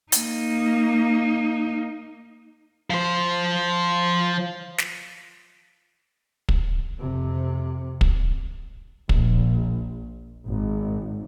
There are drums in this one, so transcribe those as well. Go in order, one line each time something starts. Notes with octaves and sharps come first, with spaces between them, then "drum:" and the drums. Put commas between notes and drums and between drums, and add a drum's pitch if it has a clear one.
A#3 D#4, drum: hi-hat
F3 C5
drum: snare
drum: kick
F2 C3
drum: kick
A#1, drum: kick
G#1